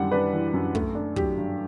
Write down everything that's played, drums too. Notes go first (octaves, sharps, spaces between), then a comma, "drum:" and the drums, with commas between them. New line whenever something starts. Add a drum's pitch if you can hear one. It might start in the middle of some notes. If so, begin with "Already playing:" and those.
Already playing: F#2 G3 D4 F#5
D4 B4
E3
F#2
A3, drum: kick
D4
F#3 G4, drum: kick
G2